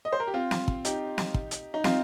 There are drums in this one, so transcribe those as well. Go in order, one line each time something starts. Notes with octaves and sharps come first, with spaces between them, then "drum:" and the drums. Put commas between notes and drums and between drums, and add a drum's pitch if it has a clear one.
D#5
C5
A#4
G4
C4 F4
drum: snare
drum: kick
D#4 G4, drum: hi-hat
drum: snare
drum: kick
drum: hi-hat
D#4
C4 F4, drum: snare